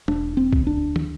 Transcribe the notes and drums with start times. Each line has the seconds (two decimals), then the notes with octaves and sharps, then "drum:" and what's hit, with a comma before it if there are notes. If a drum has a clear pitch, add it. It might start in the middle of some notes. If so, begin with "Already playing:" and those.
0.08 E1 D4, drum: tom
0.37 C4
0.53 D2, drum: kick B1
0.67 D4
0.96 drum: tom